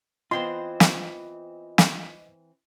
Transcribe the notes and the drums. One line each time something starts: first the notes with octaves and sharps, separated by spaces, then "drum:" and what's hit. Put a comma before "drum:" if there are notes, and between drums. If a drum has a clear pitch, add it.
E3 B3 C4 F4 C5 D#5 C6
drum: snare
drum: snare